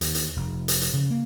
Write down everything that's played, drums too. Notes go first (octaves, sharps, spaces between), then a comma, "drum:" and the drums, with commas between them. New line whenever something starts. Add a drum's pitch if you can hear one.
D#2, drum: hi-hat
drum: hi-hat
F1
drum: hi-hat
drum: hi-hat
C#3
A#3